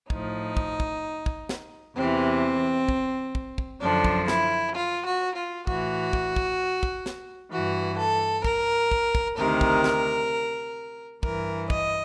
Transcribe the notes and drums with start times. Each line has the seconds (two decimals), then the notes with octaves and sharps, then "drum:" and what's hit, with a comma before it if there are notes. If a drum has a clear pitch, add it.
0.10 A2 F3 D#4, drum: kick
0.57 drum: kick
0.80 drum: kick
1.26 drum: kick
1.49 drum: snare
1.96 E2 C3 E3 C4
2.89 drum: kick
3.35 drum: kick
3.58 drum: kick
3.81 F#2 D3 F3 D4
4.04 drum: kick
4.28 E4, drum: snare
4.75 F4
5.05 F#4
5.35 F4
5.67 A2 E3 F#4, drum: kick
6.13 drum: kick
6.36 drum: kick
6.83 drum: kick
7.06 drum: snare
7.52 G2 E3 F#4
7.98 A4
8.45 A#4, drum: kick
8.92 drum: kick
9.15 drum: kick
9.38 D2 C3 D#3 A#4
9.61 drum: kick
9.84 drum: snare
11.23 G2 E3 A#4, drum: kick
11.70 D#5, drum: kick